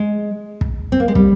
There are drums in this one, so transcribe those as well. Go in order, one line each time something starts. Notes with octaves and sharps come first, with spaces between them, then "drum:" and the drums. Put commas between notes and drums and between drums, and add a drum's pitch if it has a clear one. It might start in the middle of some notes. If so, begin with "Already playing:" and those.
Already playing: G#3
drum: kick
C4
A#3
G#3
G3, drum: kick